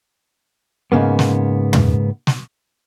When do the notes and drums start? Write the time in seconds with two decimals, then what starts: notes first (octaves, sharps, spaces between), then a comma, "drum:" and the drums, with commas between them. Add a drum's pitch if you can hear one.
0.92 G#2 C#3 A#3 B3
1.19 drum: snare
1.73 drum: tom
2.27 drum: snare